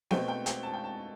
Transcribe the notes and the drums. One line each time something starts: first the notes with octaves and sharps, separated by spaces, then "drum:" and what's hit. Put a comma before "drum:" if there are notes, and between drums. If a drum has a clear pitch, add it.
B2 A3 C4 G5, drum: snare B3
G5
G5, drum: hi-hat
A5
G5
A5